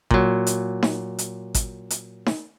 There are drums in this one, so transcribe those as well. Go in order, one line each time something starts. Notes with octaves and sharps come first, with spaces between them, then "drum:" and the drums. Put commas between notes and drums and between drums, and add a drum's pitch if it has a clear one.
A#2 F#3, drum: kick
drum: hi-hat
drum: snare D#4
drum: hi-hat
drum: kick, hi-hat
drum: hi-hat
drum: snare D#4